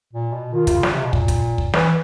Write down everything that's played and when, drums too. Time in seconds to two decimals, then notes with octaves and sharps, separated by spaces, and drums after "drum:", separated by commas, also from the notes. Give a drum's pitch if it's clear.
0.13 A#2
0.33 B2
0.53 D#3 F4
0.67 C3, drum: kick, hi-hat
0.73 C#3
0.83 drum: snare
0.93 C3
1.04 B2
1.13 A#2, drum: kick
1.28 drum: kick, hi-hat
1.58 drum: kick
1.74 E3, drum: snare